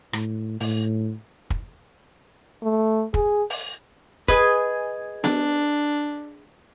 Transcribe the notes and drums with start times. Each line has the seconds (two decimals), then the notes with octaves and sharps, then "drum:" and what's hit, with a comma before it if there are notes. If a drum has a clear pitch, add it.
0.13 A2, drum: rim click
0.60 A2, drum: open hi-hat
1.50 drum: kick
2.63 A3
3.14 G#4, drum: kick
3.50 drum: open hi-hat
4.28 G#4 B4 D#5 G#5, drum: kick
5.24 D4, drum: snare B3